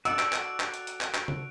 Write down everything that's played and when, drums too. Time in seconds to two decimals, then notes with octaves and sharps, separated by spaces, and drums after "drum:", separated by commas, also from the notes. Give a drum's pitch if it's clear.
0.05 F#4 A4 D5 E6 F#6 D7 F7, drum: hi-hat
0.19 drum: clap
0.33 drum: clap
0.60 drum: clap
0.74 drum: hi-hat
0.87 drum: hi-hat
1.01 drum: clap
1.14 drum: clap
1.28 drum: tom